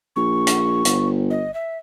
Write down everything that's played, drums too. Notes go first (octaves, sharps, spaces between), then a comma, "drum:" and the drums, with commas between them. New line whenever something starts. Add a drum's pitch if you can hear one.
A#1 C#6
drum: hi-hat
G1, drum: hi-hat
D#5
E5